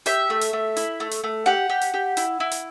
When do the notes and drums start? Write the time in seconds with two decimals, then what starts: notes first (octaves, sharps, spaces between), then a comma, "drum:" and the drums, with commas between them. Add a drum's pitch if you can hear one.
0.06 G4 E5, drum: hi-hat
0.30 A3
0.41 drum: hi-hat
0.53 A3
0.77 E4, drum: hi-hat
1.00 A3
1.11 drum: hi-hat
1.24 A3
1.46 G4 F#5
1.70 G4
1.81 drum: hi-hat
1.94 G4
2.17 E4, drum: hi-hat
2.40 E4
2.52 drum: hi-hat